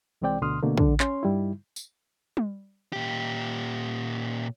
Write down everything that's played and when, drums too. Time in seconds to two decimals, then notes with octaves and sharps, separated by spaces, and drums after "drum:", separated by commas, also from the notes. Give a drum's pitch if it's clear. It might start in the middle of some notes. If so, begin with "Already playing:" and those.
0.21 C2 E3 G#3 C4 D5 G5
0.42 D2 B2 D3 C6 D#6 F6
0.63 B2 D3 A3 A#3
0.78 C#2 D3, drum: kick
1.00 C#4 C#5 C6, drum: clap
1.23 G2 G3 D#4 E4
1.76 drum: tambourine
2.37 drum: tom G3
2.93 A#2 G4